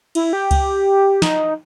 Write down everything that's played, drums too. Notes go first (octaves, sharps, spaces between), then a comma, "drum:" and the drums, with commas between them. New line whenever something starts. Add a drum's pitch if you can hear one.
E4, drum: cymbal
G4
drum: kick C#2, cymbal
D#4, drum: snare